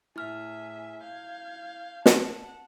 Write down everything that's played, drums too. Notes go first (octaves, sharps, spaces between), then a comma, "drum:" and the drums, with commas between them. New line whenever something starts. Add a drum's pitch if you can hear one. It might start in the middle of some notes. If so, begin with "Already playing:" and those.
A2 E4 G#4 E5 F6
F5 G6 G#6
F#5 A5, drum: snare